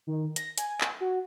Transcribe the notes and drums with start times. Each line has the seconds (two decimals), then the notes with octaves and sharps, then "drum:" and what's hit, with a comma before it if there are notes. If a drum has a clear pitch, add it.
0.07 D#3
0.36 A#6, drum: hi-hat
0.58 G#5, drum: hi-hat
0.81 drum: clap
1.01 F#4